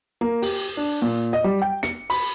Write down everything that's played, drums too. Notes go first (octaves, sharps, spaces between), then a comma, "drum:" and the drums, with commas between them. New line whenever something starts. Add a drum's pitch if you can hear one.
A#3
G4, drum: open hi-hat
D4
A#2
D#5
G3
G5
C#7, drum: snare
B5, drum: open hi-hat